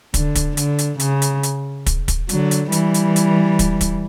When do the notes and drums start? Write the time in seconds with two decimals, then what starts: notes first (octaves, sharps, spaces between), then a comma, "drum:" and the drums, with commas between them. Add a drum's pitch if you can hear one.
0.14 D3, drum: kick, hi-hat
0.35 drum: kick, hi-hat
0.57 D3, drum: hi-hat
0.79 drum: hi-hat
1.00 C#3, drum: hi-hat
1.22 drum: hi-hat
1.43 drum: hi-hat
1.86 drum: kick, hi-hat
2.08 drum: kick, hi-hat
2.29 D3 F#3, drum: hi-hat
2.51 drum: hi-hat
2.72 E3 G3, drum: hi-hat
2.94 drum: hi-hat
3.16 drum: hi-hat
3.59 drum: kick, hi-hat
3.81 drum: kick, hi-hat